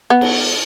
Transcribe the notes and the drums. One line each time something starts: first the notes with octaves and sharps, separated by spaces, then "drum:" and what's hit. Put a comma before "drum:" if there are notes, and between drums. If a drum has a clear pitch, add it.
B3
drum: cymbal